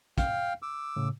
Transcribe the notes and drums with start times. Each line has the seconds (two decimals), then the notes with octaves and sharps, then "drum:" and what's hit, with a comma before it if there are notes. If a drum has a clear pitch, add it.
0.18 F5 G5, drum: kick, hi-hat
0.62 D6 E6
0.96 A2 C#3